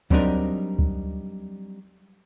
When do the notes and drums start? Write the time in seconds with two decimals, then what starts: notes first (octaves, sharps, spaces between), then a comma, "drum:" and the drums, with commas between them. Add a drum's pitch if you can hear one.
0.10 F#3 G3 C4 D4 D#4 A#4, drum: kick C#2
0.79 drum: kick C#2